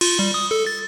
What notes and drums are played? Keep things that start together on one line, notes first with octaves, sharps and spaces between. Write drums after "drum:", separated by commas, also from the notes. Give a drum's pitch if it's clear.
F4, drum: cymbal
G3
D#6
A4
A6